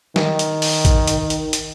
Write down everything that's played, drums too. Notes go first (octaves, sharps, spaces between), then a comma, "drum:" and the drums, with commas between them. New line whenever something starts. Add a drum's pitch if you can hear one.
D#3, drum: snare
drum: hi-hat
drum: open hi-hat
drum: kick A1, hi-hat
drum: hi-hat
drum: hi-hat
drum: hi-hat